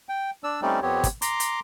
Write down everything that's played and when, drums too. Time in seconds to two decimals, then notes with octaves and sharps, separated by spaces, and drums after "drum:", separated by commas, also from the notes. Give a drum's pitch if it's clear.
0.09 G5
0.44 D4 D5 E6
0.62 G3 A3 C4 C#4 D#4 D5
0.82 F2 B3 C4 G4 C#5
1.04 drum: kick, hi-hat
1.22 A#5 C6 D6, drum: hi-hat
1.40 drum: hi-hat